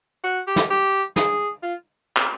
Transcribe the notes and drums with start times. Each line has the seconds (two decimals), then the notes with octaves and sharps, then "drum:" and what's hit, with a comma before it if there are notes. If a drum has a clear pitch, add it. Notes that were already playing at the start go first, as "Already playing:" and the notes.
0.24 F#4
0.47 G4
0.56 drum: snare
0.70 G4
1.16 G#4, drum: snare
1.63 F4
2.17 drum: clap